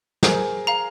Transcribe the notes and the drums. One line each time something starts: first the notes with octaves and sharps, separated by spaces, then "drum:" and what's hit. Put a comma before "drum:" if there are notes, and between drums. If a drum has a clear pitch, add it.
G#4 A#4 C5, drum: snare
F5 A#5